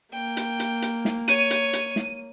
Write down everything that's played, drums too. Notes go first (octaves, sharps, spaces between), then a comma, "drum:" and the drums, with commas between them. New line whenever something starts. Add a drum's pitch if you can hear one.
A#3 G5
drum: hi-hat
drum: hi-hat
drum: hi-hat
drum: snare
C#5 D#7, drum: hi-hat
drum: hi-hat
drum: hi-hat
drum: snare